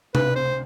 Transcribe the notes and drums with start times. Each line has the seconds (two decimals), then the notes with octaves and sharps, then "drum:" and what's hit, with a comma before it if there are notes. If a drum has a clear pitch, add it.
0.15 B4, drum: tom C3
0.36 C5